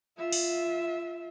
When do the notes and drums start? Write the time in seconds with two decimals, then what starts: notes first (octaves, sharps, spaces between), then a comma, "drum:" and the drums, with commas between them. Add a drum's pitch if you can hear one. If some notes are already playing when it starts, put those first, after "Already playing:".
0.18 F4 E5
0.33 drum: open hi-hat